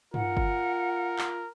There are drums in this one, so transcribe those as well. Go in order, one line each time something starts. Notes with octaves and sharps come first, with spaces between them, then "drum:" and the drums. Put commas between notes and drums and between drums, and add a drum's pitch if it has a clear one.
F4 A#4 F#5, drum: tom G2
drum: kick G1
drum: clap